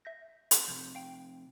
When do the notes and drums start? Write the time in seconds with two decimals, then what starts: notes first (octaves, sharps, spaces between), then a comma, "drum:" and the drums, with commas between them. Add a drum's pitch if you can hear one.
0.05 E5 G6 A#6
0.51 drum: hi-hat
0.68 C3 F3 G6
0.95 F5 G5